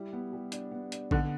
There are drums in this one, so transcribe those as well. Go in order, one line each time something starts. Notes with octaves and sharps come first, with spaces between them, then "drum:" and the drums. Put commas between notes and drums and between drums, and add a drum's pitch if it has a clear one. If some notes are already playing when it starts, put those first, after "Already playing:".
Already playing: G3 E4
B3
G3
D4, drum: hi-hat
B3
D4, drum: hi-hat
D3 B3, drum: kick A#1